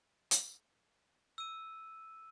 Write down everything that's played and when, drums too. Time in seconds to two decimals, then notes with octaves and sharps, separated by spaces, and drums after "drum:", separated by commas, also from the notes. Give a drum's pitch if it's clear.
0.31 drum: hi-hat
1.38 E6 D#7